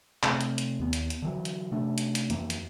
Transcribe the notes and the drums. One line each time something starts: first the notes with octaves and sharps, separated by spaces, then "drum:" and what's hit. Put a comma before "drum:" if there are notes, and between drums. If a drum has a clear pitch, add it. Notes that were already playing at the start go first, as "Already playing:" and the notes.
C3 A3, drum: clap
drum: hi-hat
drum: hi-hat
D#2 B3
drum: hi-hat
drum: hi-hat
D3 E3 F#3
drum: hi-hat
C3 A3 D4
drum: hi-hat
drum: hi-hat
F2 E3 A#3, drum: hi-hat
drum: hi-hat